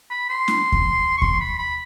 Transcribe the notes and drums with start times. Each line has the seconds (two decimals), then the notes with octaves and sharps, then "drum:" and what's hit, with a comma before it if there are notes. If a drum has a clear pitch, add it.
0.11 B5
0.29 C6
0.48 drum: snare
0.72 drum: kick D#2
1.17 C#6
1.22 C6, drum: kick D#2
1.40 B5
1.58 B5